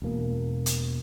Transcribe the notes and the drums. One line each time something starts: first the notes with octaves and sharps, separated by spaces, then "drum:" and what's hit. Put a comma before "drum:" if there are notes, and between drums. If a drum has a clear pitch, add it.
E1 B2 A#3
drum: hi-hat